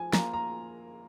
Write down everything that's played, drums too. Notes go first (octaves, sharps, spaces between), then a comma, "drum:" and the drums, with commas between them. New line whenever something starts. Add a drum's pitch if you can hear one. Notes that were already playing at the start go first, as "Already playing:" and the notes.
Already playing: F3 G#5
A#3 F4 A#5, drum: snare
A#5